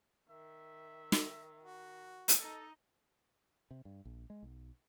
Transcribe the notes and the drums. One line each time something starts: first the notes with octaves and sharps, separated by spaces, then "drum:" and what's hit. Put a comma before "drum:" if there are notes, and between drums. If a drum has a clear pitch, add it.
D#3 E5
drum: snare
F#4
drum: hi-hat
D#4 A4 D#5
C3
G2
A#1
G#3
B1